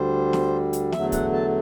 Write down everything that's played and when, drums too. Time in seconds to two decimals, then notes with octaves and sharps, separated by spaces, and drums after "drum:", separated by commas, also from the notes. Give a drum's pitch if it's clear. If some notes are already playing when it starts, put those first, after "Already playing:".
Already playing: D2 D3 G3 C5
0.33 drum: snare
0.73 drum: hi-hat
0.92 E2 D3 F#3 A3 E5, drum: snare
1.12 F#5, drum: kick, hi-hat
1.32 A5